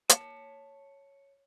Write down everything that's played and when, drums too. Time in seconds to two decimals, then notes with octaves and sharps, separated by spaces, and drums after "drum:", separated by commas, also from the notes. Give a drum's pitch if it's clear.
0.09 C#5 A5, drum: hi-hat